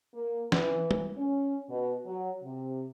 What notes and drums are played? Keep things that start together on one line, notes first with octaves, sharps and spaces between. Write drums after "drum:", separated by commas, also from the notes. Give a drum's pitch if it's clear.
A#3
E3, drum: snare
drum: tom
C#4
B2
F#3
C3